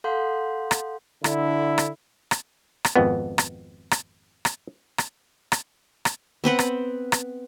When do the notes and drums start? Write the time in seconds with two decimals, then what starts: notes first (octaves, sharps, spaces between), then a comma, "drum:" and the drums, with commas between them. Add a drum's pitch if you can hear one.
0.04 A4 F5 F#5 C6 G6
0.71 drum: rim click
1.24 D3 E4, drum: rim click
1.78 drum: rim click
2.31 drum: rim click
2.85 drum: rim click
2.96 G#1 F2 B3
3.38 drum: rim click
3.91 drum: rim click
4.45 drum: rim click
4.98 drum: rim click
5.52 drum: rim click
6.05 drum: rim click
6.44 B3 C4 B4 F#5
6.59 drum: rim click
7.12 drum: rim click